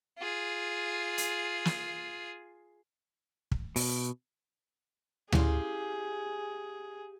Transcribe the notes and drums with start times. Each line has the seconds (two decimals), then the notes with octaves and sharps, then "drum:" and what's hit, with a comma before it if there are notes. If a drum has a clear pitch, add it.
0.19 F4 G#4
1.18 drum: hi-hat
1.65 drum: snare
3.51 drum: kick
3.76 B2, drum: open hi-hat
5.32 C#4 E4 G4 G#4 F5 C6, drum: tom D2